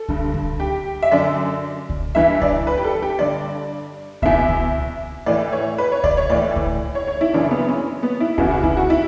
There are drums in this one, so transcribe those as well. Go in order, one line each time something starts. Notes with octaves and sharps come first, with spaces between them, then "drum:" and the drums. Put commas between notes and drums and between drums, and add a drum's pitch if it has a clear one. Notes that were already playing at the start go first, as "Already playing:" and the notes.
Already playing: A4
G2 D3, drum: kick C#2
drum: kick C#2
G4
E5
F#2 D3 D5
drum: kick C#2
G2 E3 E5
D5, drum: kick C#2
B4
G4
A4
G4
G2 D3 D5
E2 B2 E5, drum: kick C#2
drum: kick C#2
A2 E3 D5
C#5
B4
C#5
D5, drum: kick C#2
C#5
A2 E3 D5
drum: kick C#2
C#5
C#5
E4
F#2 C#3 E3 D4
B3
C#4
B3
E4
E2 C#3 E3 F#4, drum: kick C#2
F#4
E4, drum: kick C#2
F#4
E4